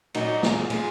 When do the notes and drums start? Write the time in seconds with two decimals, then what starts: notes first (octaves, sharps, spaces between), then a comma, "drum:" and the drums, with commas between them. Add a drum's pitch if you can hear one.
0.14 A#2 F#3 D#4 F#4, drum: cymbal
0.43 F4 G#4, drum: snare
0.70 F4 G#4, drum: cymbal